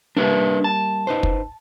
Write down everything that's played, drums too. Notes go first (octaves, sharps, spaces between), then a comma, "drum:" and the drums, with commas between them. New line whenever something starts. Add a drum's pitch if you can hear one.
G3 A#3 D4 B4 E5
A5
D#4 B4 C5
drum: kick